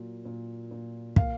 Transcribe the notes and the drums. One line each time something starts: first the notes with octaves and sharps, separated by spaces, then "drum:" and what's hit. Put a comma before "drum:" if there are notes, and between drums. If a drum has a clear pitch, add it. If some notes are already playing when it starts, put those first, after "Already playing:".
Already playing: A#2 F#3
A#2
A#2
A#3 F5, drum: kick